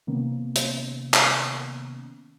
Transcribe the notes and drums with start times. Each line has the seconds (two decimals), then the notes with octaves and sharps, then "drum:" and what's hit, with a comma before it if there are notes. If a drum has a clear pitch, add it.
0.07 C3 D#3 A#3 B3 C#4
0.56 drum: hi-hat
1.14 drum: clap